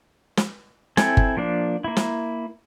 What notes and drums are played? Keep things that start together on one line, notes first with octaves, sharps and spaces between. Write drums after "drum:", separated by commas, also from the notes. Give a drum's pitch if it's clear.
drum: snare
C4 E4 A4 G#5, drum: snare
drum: kick G1
F3 A#3 D4
A#3 E4
drum: snare